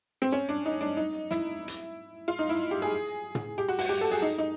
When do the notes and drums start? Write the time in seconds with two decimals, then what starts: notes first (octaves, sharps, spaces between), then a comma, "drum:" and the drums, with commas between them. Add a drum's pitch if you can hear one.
0.22 C4
0.32 C#4
0.49 D4
0.66 D#4
0.81 D4
0.97 D#4
1.31 E4, drum: snare
1.68 drum: hi-hat
2.28 F4
2.39 D#4
2.49 E4
2.71 G4
2.82 G#4
3.35 drum: tom
3.58 G4
3.68 F#4
3.79 F#4, drum: open hi-hat
3.89 G4
4.01 A4
4.11 G#4
4.22 D#4
4.38 D#4